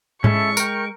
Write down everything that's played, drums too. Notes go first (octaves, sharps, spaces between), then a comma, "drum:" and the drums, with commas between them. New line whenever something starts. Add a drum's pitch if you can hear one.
G#3 C#4 E4 A4 C#6, drum: tom G#2
A#4 G5, drum: tambourine